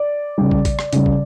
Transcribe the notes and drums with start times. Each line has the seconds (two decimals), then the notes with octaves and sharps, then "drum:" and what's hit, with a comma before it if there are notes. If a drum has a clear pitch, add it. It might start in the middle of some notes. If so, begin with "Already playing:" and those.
Already playing: D5
0.38 C#3 G3
0.51 drum: kick
0.65 drum: kick, hi-hat
0.79 drum: rim click
0.93 C#3 G3, drum: hi-hat
1.06 drum: kick